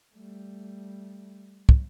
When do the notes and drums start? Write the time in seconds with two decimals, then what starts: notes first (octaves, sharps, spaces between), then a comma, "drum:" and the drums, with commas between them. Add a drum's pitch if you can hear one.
0.15 G3 A3
1.69 drum: kick